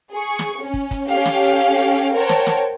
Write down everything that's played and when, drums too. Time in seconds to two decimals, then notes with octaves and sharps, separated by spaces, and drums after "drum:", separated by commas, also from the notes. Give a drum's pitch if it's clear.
0.13 G#4 C#6
0.39 drum: snare
0.61 C#4
0.74 drum: kick
0.91 drum: kick, hi-hat
1.08 C#4 G4 A4 F5 G5, drum: hi-hat
1.25 drum: snare
1.43 drum: hi-hat
1.60 drum: hi-hat
1.77 drum: hi-hat
1.95 drum: hi-hat
2.15 A#4 C5 C#5 F#5 G5 A5
2.29 drum: snare
2.47 drum: snare